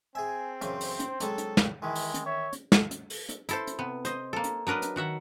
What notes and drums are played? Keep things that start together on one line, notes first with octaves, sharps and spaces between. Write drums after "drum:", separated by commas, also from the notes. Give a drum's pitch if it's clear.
C4 G#4 E5 G#5
F#2 C#3 E3 C5, drum: hi-hat
drum: open hi-hat
drum: hi-hat
C3 F#3 G#3 A4, drum: hi-hat
drum: hi-hat
drum: snare
D#3 E3 G#3 E4
drum: open hi-hat
drum: hi-hat
C#5 E5
drum: hi-hat
drum: snare
drum: hi-hat
drum: open hi-hat
drum: hi-hat
E4 A4 C5, drum: hi-hat
drum: hi-hat
C3 B3
C5 D#5, drum: hi-hat
A#3 A4
drum: hi-hat
F#3 D4 A#4 B4 D#5
drum: hi-hat
D#3 F#4 E5 F#5